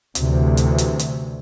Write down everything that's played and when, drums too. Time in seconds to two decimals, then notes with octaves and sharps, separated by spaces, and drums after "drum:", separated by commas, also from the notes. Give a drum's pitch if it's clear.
0.15 D2 C3 E3, drum: hi-hat
0.57 drum: hi-hat
0.78 drum: hi-hat
0.99 drum: hi-hat